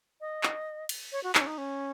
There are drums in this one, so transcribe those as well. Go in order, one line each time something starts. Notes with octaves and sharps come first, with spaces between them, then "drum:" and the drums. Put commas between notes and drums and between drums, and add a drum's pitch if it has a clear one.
D#5
drum: clap
drum: cymbal
C#5
F#4
D#4, drum: clap
C#4
D#4
C#4